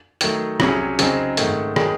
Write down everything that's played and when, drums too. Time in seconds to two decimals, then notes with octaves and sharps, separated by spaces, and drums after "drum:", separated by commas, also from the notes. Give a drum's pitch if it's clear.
0.21 D#3 F#3 A3, drum: hi-hat
0.60 C2 C3 F#3 C#4 G#4, drum: rim click
0.99 C#3 F#3 C4 D#4 G#4, drum: hi-hat
1.37 G#2 D#3 A3, drum: hi-hat
1.76 D#3 G#3 D#4 G#4 C#5, drum: rim click